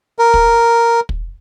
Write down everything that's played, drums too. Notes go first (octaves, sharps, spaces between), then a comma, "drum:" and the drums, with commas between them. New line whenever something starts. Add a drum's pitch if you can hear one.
A#4
drum: kick
drum: kick